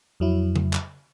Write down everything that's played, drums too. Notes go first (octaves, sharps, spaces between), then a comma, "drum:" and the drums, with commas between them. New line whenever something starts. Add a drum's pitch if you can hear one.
F2 F#3 E4
drum: tom C#3
drum: clap